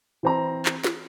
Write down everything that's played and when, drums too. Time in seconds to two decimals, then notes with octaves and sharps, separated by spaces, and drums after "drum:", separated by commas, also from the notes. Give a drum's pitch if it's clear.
0.23 E3 C4 A#5
0.66 drum: clap
0.84 drum: snare